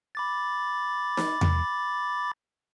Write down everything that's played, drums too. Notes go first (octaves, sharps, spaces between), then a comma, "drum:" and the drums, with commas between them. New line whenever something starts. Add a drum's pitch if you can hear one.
B5 D6 A6
drum: snare D#4
drum: tom E2